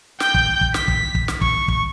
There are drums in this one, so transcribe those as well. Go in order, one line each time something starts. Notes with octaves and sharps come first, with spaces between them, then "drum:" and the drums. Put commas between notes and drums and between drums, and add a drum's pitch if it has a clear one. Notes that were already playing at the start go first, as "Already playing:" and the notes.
G5 G6, drum: snare
drum: kick
drum: kick
B6, drum: snare
drum: kick
drum: kick
drum: snare
C#6, drum: kick
drum: kick